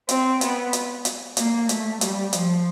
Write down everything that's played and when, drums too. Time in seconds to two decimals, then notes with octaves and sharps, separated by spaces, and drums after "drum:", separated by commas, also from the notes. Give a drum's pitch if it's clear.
0.09 C4, drum: hi-hat
0.41 B3, drum: hi-hat
0.73 drum: hi-hat
1.05 drum: hi-hat
1.37 A#3, drum: hi-hat
1.69 A3, drum: hi-hat
2.01 G3, drum: hi-hat
2.33 F3, drum: hi-hat